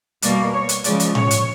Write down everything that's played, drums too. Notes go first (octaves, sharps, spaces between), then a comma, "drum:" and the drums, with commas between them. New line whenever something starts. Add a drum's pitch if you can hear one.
B2 G3 A#3 D5, drum: hi-hat
C#5
drum: hi-hat
C#3 F3 G#3 D5, drum: hi-hat
drum: hi-hat
C#5, drum: tom A2
drum: hi-hat